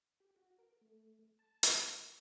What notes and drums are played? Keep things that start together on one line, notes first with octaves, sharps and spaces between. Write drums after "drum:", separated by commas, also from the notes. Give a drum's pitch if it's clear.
G4
F#4
A#4
A3
A5
G4, drum: hi-hat
C#6
A#4